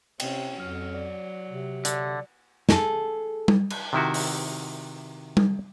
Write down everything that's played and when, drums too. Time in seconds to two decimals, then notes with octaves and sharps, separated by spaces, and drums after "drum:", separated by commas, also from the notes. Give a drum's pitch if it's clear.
0.20 C3 C#4 G5, drum: cymbal
0.60 F2 F#3 F6
0.95 D5
1.49 C3
1.85 D3 D5, drum: hi-hat
2.69 G#4 A4, drum: snare
3.48 drum: tom G3
3.70 drum: cymbal
3.93 C3 D#3 E4 F#4
4.14 drum: open hi-hat
5.37 drum: tom G3